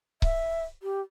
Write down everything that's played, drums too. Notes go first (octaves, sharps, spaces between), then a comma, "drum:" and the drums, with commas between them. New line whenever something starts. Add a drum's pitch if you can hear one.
E5, drum: kick C#1
G4